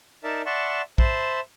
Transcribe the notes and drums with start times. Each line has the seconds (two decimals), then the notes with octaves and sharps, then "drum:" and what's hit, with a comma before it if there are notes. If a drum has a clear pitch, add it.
0.24 D#4 A#4 D5 E5 A5
0.46 D5 E5 F#5 A5 C6 C#6
0.98 C5 E5 A5 B5 C6, drum: kick